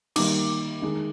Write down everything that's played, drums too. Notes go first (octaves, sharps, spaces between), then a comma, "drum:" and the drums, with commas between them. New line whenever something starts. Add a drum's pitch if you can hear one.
D#3 G3 A#3 D6, drum: cymbal
D#3 G#3